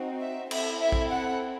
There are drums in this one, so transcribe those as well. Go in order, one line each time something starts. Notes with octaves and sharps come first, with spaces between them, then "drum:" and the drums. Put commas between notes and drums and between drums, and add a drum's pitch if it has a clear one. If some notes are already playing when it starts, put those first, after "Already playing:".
Already playing: C4 D#4 F#4
E5
C4 E4 A4 E5, drum: cymbal
E5
drum: kick
F#5